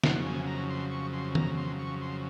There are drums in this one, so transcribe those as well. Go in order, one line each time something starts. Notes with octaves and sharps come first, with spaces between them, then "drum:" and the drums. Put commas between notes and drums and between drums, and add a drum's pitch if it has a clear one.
F2 C#3 F#3 F#5, drum: snare
G#5
A#5
C6
C#6
C6
A#5, drum: tom D#3
C6
C#6
C6